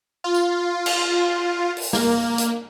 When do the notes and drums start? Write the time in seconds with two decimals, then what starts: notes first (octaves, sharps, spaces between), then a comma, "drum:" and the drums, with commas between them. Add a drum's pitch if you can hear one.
0.24 F4
0.34 drum: tambourine
0.86 drum: cymbal
1.77 drum: open hi-hat
1.93 A#3, drum: snare
2.38 drum: hi-hat